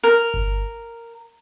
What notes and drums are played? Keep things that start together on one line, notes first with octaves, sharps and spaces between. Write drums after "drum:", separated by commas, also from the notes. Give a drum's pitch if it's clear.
A#4, drum: hi-hat
drum: kick G1